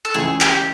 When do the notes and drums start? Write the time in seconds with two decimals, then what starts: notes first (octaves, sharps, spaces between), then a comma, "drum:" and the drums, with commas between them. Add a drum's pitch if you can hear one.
0.05 A4
0.14 C#2 C#3 E3 G#4
0.41 G4, drum: clap